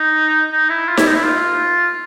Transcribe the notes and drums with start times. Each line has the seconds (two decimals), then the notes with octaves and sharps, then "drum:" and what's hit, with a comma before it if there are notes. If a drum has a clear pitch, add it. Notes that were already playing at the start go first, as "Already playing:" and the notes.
Already playing: D#4
0.52 D#4
0.70 E4
0.88 F4
0.97 E4, drum: snare D#4
1.07 D#4
1.16 E4
1.24 F4